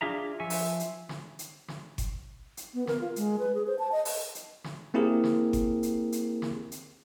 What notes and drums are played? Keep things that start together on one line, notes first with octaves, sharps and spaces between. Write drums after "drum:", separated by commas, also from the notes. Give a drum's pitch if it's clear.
D4 F4 G#4 E5 A#5
F3 E5 G#5 C#6
drum: open hi-hat
drum: hi-hat
drum: snare
drum: hi-hat
drum: snare
drum: kick G1, hi-hat
drum: hi-hat
B3
A#4, drum: snare
F4
G#3, drum: hi-hat
B4
G#4
C5
A5
D#5
drum: open hi-hat
drum: hi-hat
drum: snare
A#3 C4 E4 G4 G#4 A#4
drum: snare
drum: kick G1, hi-hat
drum: hi-hat
drum: hi-hat
drum: snare
drum: hi-hat